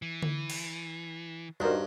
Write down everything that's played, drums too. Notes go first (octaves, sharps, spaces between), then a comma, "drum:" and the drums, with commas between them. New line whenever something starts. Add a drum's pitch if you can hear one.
E3
drum: tom D3
drum: cymbal
G2 D4 D#4 F#4 A#4 C5